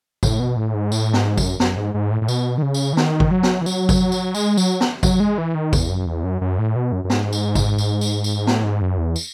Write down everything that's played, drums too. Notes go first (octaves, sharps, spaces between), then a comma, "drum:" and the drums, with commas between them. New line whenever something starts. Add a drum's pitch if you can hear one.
A2, drum: kick G#1, tambourine
B2
A2
G#2
A2, drum: tambourine
G#2, drum: snare
F#2, drum: kick G#1, tambourine
F#2, drum: snare
G#2
G#2
A2
A2
B2, drum: tambourine
D#3
C#3
drum: tambourine
E3
D#3, drum: snare
drum: kick G#1
F#3
drum: snare
E3
F#3, drum: tambourine
drum: kick G#1, tambourine
drum: tambourine
G#3, drum: tambourine
F#3, drum: tambourine
drum: snare
F#3, drum: kick G#1, tambourine
G#3
E3
D#3
E2, drum: kick G#1, tambourine
F#2
E2
F#2
F#2
A2
B2
F#2
F#2
G#2, drum: snare
drum: tambourine
drum: kick G#1, tambourine
drum: tambourine
drum: tambourine
drum: tambourine
A2, drum: snare
G#2
F#2
E2
drum: tambourine